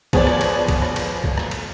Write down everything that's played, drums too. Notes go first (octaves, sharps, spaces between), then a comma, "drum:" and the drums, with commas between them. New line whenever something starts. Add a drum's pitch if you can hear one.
F3 B3 G#4 C#5 D5, drum: kick, cymbal
drum: rim click
drum: cymbal
drum: kick, cymbal
drum: rim click
drum: cymbal
drum: kick
drum: rim click
drum: cymbal